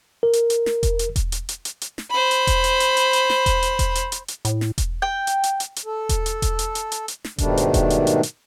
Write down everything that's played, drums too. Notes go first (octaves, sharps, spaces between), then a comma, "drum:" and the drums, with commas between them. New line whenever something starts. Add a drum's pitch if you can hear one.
A#4
drum: hi-hat
drum: hi-hat
drum: snare
drum: kick E1, hi-hat
drum: hi-hat
drum: kick E1, hi-hat
drum: hi-hat
drum: hi-hat
drum: hi-hat
drum: hi-hat
drum: snare
C5 B5
drum: hi-hat
drum: kick E1, hi-hat
drum: hi-hat
drum: hi-hat
drum: hi-hat
drum: hi-hat
drum: snare
drum: kick E1, hi-hat
drum: hi-hat
drum: kick E1, hi-hat
drum: hi-hat
drum: hi-hat
drum: hi-hat
A2, drum: hi-hat
drum: snare
drum: kick E1, hi-hat
G5
drum: hi-hat
drum: hi-hat
drum: hi-hat
drum: hi-hat
A4
drum: kick E1, hi-hat
drum: hi-hat
drum: kick E1, hi-hat
drum: hi-hat
drum: hi-hat
drum: hi-hat
drum: hi-hat
drum: snare
G#2 B2 D#3 G3 A3 D4, drum: kick E1, hi-hat
drum: hi-hat
drum: kick E1, hi-hat
drum: hi-hat
drum: hi-hat
drum: hi-hat